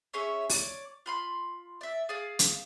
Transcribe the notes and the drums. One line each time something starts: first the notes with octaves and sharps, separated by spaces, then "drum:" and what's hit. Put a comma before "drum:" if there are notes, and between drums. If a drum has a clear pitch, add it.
C#4 G#4 C#5 E5
C#5 D5, drum: open hi-hat
F4 B5 C6
D5 E5
G#4 D5 F5
drum: hi-hat